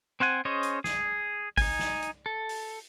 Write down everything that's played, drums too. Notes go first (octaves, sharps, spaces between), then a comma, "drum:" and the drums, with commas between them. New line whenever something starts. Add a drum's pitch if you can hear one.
C4 C5 F#5 G#5
C#4 G#4 C5 C#5 D#5
drum: hi-hat
G#4, drum: snare
D#4 G#5, drum: kick G#1, open hi-hat
drum: snare
drum: hi-hat
A4
drum: open hi-hat